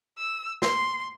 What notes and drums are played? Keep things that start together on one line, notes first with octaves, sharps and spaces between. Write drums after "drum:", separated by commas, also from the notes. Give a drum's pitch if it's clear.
E6
C6, drum: snare